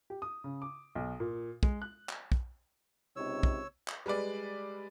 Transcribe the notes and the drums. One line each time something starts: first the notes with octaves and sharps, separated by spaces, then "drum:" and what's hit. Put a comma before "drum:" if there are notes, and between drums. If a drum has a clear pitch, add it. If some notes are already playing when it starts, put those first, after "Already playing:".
G4
D#6
C#3
D6
B1
A#2
G#3, drum: kick
F#6
drum: clap
drum: kick
C#2 C3 D#4 C#5 E6
drum: kick
drum: clap
G3 G#3 B4 D5